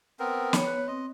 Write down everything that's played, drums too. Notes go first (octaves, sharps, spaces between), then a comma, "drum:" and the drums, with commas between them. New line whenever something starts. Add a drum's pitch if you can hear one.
B3 C4 A#4
B3 C#5, drum: snare
B4
C4 D#5